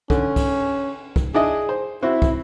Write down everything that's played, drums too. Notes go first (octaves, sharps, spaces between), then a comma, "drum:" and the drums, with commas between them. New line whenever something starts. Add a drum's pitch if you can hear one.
D3 C#4, drum: kick
drum: kick, cymbal
drum: kick
D4 E4 G#4 D#5
C5
C4 E4 F#4
drum: kick